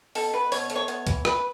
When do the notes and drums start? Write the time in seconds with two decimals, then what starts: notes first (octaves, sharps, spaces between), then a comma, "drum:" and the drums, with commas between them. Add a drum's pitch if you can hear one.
0.15 B2 A4, drum: open hi-hat
0.33 B2 B4
0.52 B2 C#5, drum: open hi-hat
0.70 A3, drum: hi-hat
0.76 C#5
0.88 B3, drum: hi-hat
1.07 E3, drum: kick, hi-hat
1.25 E3 B4, drum: rim click